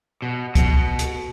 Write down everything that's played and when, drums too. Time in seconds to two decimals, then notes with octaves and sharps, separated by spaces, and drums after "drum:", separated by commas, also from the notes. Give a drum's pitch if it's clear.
0.22 B2
0.55 B2, drum: kick, hi-hat
0.99 drum: hi-hat